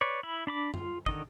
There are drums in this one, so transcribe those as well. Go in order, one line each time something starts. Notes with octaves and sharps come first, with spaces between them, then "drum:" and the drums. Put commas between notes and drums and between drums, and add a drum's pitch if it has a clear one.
B4 C#5 D5
E4 B5
D4 B5 D6
F4, drum: tom F#2
D3 D#3 D#5, drum: kick